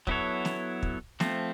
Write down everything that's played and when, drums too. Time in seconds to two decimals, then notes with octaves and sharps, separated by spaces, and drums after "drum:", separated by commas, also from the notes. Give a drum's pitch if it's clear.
0.07 F#3 B3 E4 A4 C#5, drum: kick
0.45 drum: snare
0.83 drum: kick
1.20 F3 A3 C4, drum: snare